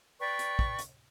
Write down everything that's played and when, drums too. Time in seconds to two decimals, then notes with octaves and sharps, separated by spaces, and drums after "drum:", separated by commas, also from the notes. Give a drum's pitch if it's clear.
0.19 B4 D5 G5 C#6
0.39 drum: hi-hat
0.59 drum: kick
0.79 drum: hi-hat